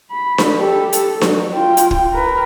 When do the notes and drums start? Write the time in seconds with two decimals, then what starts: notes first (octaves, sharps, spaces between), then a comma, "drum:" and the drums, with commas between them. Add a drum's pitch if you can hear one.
0.12 B5
0.38 drum: snare D4
0.57 G4 A4
0.93 A4, drum: hi-hat
1.21 F#3 F#4, drum: snare D4
1.53 F4 G5
1.77 drum: hi-hat
1.91 drum: kick
2.13 A#4 B4